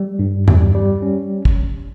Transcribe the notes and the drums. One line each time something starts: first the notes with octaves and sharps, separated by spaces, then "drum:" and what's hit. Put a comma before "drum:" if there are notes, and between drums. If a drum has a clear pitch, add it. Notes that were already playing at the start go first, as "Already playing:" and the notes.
Already playing: G3
G2
G3, drum: tom E2
G3
C#4
drum: kick